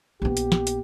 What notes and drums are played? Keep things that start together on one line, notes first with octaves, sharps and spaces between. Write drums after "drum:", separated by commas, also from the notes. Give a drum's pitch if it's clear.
A#1 B3 G4
drum: hi-hat
drum: snare
drum: hi-hat